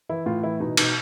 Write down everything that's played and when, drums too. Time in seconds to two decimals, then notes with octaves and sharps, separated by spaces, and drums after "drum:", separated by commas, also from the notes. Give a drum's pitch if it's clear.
0.09 E3 E4
0.26 A2 F4
0.43 E3 E4
0.60 B2 D#4
0.77 B2 D#4, drum: cymbal